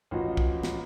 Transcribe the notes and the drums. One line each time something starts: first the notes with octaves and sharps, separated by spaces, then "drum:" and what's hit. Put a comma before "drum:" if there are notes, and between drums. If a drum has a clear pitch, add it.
A1 F3 F#4 D#5
drum: kick
drum: snare